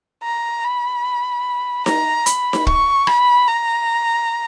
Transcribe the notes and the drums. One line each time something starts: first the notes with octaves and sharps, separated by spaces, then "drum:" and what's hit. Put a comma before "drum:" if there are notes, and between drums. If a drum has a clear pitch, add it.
A#5
B5
A#5, drum: snare D#4
B5, drum: hi-hat
drum: snare D#4
C#6, drum: kick
B5, drum: rim click
A#5